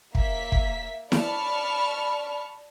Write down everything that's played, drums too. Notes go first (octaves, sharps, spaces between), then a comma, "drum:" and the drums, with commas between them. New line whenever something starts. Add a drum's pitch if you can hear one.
A#3 E5 B6, drum: kick
drum: kick
D5 A5 B5 C#6 F6, drum: snare E4